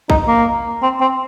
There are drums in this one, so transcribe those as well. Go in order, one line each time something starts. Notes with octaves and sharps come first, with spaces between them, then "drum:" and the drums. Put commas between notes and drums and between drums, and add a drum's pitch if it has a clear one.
D#4, drum: kick
A#3
C4
C4